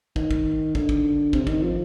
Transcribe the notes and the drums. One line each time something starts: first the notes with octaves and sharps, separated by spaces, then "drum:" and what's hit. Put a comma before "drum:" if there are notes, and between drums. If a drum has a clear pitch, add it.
D#3, drum: kick
drum: kick
D3, drum: kick
drum: kick
C3, drum: kick
D#3, drum: kick
F3